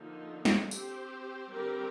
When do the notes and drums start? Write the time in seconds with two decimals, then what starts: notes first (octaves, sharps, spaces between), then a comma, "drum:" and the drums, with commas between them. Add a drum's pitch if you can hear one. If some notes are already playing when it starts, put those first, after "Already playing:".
Already playing: D3 F3 A#3 D#4
0.45 drum: snare
0.71 C4 G4 C5, drum: tambourine
1.53 D3 G3 C4 G4 A#4